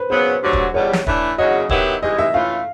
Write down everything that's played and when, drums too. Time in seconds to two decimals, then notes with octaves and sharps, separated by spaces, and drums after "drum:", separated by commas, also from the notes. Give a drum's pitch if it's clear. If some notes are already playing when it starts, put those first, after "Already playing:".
Already playing: B4 C5
0.10 C#3 F#3 B3 C5
0.42 G2 D3 F#3 A3
0.53 drum: kick
0.74 E2 B2 G3 C#5
0.93 drum: snare
1.07 E3 A3 D4, drum: kick
1.38 E2 C#3 F#3 D#5
1.69 D#3 F#3 B3 E4 G4, drum: kick
2.03 G2 E3 G#3 D#5
2.19 E5
2.33 E3 A3 C#4 F4 F5